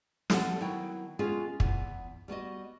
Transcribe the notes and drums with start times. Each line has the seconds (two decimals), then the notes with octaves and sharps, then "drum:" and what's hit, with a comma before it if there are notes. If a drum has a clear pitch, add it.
0.30 G3 A4 F#5, drum: snare
0.60 D#3 F#3 B3 E4 G5
1.19 G#3 B3 C#4 F4 G#4
1.60 E2 B3, drum: kick
2.28 G3 B3 F#4 D#5